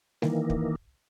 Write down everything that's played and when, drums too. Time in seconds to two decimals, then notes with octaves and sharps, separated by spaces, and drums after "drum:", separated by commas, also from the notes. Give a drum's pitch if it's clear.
0.22 D#3 E3 A#3, drum: snare
0.50 drum: kick